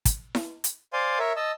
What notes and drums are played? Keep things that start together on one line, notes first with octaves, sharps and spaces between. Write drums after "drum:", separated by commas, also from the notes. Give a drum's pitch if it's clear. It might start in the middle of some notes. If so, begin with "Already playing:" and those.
drum: kick, hi-hat
drum: snare E4
drum: hi-hat
C5 D5 F5 G#5 C6
A#4 C#5 E5
D#5 A5 E6